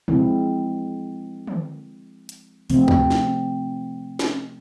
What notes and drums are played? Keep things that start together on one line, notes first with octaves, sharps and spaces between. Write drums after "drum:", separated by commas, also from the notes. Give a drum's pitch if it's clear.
F3 G#3 C4 E4, drum: tom
drum: tom
drum: hi-hat
C3 F3 A3 C4, drum: open hi-hat
drum: kick
drum: snare
drum: snare